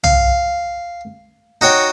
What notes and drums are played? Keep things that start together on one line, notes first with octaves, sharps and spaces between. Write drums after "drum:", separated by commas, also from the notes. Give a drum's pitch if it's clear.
F5, drum: tom
D#4 F#4 C#5 G5